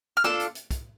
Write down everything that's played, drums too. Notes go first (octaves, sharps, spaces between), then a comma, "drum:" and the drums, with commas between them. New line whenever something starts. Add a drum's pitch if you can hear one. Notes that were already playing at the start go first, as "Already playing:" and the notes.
F6
D4 F4 A4 E6, drum: snare
drum: hi-hat
drum: hi-hat
drum: kick, hi-hat